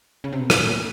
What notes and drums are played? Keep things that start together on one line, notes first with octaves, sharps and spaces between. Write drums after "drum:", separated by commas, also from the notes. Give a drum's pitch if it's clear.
C#3
C3
B2
A#2, drum: rim click
A#2